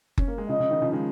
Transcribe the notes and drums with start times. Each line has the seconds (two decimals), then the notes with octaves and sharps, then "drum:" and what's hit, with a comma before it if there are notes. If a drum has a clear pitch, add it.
0.18 C#4, drum: kick F#1
0.28 A#3
0.38 G#3
0.49 C#3 F3 D#5
0.60 C#3
0.71 D#3
0.82 C#3 F3
0.92 D#3 G#3